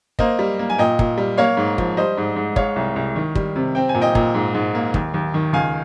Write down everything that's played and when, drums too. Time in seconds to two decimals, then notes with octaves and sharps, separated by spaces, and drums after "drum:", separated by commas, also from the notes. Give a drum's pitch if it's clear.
0.19 A#3 C5 D#5, drum: kick
0.39 G3
0.59 A#3
0.70 G#5
0.78 A#2 D#5 G5
0.99 A#2, drum: kick
1.18 G3
1.38 A#3 C#5 F5
1.57 G#2
1.78 F3, drum: kick
1.97 G3 C5 D#5
2.18 G#2
2.36 G#2
2.56 G#3 C#5 F5, drum: kick
2.76 C2
2.96 C2
3.16 D#3
3.35 G3, drum: kick
3.56 C3
3.75 C4 G5
3.89 G#5
3.95 A#2
4.01 D#5 G5
4.15 A#2, drum: kick
4.35 G#2
4.55 G#2
4.75 A#3
4.94 D#2, drum: kick
5.14 D#2
5.34 D#3
5.53 C#2 F5 G#5